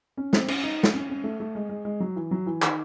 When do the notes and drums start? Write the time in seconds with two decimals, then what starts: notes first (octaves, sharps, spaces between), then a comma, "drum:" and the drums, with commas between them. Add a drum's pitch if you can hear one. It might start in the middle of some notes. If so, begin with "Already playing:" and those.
0.17 C#4
0.33 C4, drum: snare
0.48 C#4, drum: cymbal
0.63 D#4
0.83 drum: snare
0.93 C#4
1.10 C#4
1.24 A3
1.40 A3
1.55 G#3
1.69 G#3
1.85 G#3
2.00 F#3
2.16 E3
2.31 F#3
2.46 E3
2.62 D#3, drum: clap